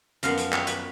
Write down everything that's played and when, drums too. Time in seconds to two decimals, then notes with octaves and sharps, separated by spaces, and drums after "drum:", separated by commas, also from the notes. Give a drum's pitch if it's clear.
0.23 F#2 F3 B3 F5, drum: hi-hat
0.37 drum: hi-hat
0.53 C#5, drum: clap
0.67 B4, drum: hi-hat